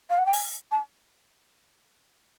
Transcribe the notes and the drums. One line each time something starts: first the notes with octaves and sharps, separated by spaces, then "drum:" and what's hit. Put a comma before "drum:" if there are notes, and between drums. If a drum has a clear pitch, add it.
F5
F#5
G5
G#5, drum: open hi-hat
A5